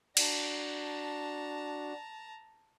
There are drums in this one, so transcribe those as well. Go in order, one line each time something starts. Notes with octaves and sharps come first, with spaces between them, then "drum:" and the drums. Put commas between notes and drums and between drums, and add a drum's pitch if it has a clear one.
D4 F#4 A5 A#5, drum: cymbal